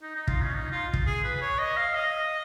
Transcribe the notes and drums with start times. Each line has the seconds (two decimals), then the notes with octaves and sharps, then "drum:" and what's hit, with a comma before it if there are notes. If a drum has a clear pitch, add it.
0.02 D#4
0.15 D#4
0.28 F4, drum: kick
0.41 C#4
0.55 D#4
0.71 F4
0.93 drum: kick
1.06 G#4
1.24 B4
1.41 C#5
1.58 D#5
1.77 F5
1.94 D#5